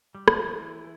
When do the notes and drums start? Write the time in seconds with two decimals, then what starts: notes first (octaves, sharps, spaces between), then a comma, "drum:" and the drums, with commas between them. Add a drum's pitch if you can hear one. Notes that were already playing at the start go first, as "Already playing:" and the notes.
0.15 G3
0.28 F3, drum: rim click
0.38 F3
0.46 E3